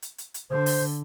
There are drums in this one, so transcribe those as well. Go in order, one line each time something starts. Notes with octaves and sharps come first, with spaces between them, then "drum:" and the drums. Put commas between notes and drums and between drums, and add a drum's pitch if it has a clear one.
drum: hi-hat
drum: hi-hat
drum: hi-hat
D3 C5
drum: open hi-hat